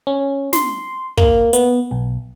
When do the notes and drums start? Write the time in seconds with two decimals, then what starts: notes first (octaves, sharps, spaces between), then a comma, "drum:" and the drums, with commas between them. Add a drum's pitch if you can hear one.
0.07 C#4
0.53 C6, drum: snare
1.17 A#3, drum: kick
1.53 B3, drum: hi-hat
1.91 B1